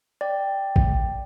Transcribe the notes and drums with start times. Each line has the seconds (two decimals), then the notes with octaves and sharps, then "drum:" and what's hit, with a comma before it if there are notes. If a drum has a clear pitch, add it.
0.21 D5 G5
0.76 drum: kick